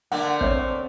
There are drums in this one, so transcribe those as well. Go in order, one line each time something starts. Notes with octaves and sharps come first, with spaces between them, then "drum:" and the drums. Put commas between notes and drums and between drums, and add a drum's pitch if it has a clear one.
D3 A3 A#3 F#5
C4 C#5 E5 G6, drum: kick